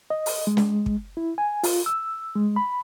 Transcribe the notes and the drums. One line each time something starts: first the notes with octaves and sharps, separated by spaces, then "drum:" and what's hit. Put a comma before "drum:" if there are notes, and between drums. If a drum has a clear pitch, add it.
D#5
drum: open hi-hat
G#3
drum: snare
drum: kick
E4
G#5
F4, drum: open hi-hat
E6
G#3
B5